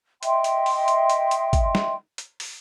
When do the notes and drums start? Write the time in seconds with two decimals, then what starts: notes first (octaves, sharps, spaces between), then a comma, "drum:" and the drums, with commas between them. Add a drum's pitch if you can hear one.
0.23 D#5 E5 G5 C6, drum: hi-hat
0.44 drum: hi-hat
0.66 drum: open hi-hat
0.88 drum: hi-hat
1.10 drum: hi-hat
1.31 drum: hi-hat
1.53 drum: kick, hi-hat
1.75 drum: snare
2.18 drum: hi-hat
2.40 drum: open hi-hat